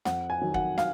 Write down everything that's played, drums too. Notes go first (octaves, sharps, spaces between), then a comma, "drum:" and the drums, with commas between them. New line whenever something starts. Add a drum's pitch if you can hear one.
F2 F#5, drum: snare
G#5
D#3 F#3
F#5, drum: kick
F5, drum: snare